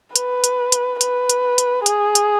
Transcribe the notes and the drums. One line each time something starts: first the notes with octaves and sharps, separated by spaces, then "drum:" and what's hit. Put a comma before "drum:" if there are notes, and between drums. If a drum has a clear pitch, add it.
B4, drum: hi-hat
drum: hi-hat
drum: hi-hat
B4, drum: hi-hat
drum: hi-hat
drum: hi-hat
G#4, drum: hi-hat
drum: hi-hat